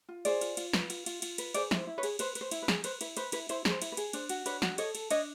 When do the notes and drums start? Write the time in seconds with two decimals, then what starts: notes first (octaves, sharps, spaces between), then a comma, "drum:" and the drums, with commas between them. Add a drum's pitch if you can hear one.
0.09 F4
0.25 G#4 C5 D5, drum: cymbal
0.41 F4, drum: cymbal
0.57 F4, drum: cymbal
0.73 B4, drum: snare
0.90 F4, drum: cymbal
1.06 F4, drum: cymbal
1.22 F4, drum: cymbal
1.38 B4, drum: cymbal
1.54 G#4 C5 D5, drum: cymbal
1.71 E4 C5, drum: snare
1.87 E4
1.98 B4 C#5
2.03 G#4, drum: cymbal
2.19 B4 C5, drum: cymbal
2.35 B4, drum: cymbal
2.41 C5
2.51 E4, drum: cymbal
2.62 B4
2.68 G#4, drum: snare
2.84 B4 C5, drum: cymbal
3.01 E4 B4, drum: cymbal
3.17 B4 C5, drum: cymbal
3.32 E4 B4, drum: cymbal
3.49 E4 C5, drum: cymbal
3.65 G#4 C5, drum: snare
3.82 E4, drum: cymbal
3.92 B4
3.97 G#4, drum: cymbal
4.13 D4 C5, drum: cymbal
4.29 F#4, drum: cymbal
4.46 D4 B4 C#5, drum: cymbal
4.62 F#4, drum: snare
4.78 A4 C#5 D#5, drum: cymbal
4.95 A4, drum: cymbal
5.11 D4 C#5 D#5, drum: cymbal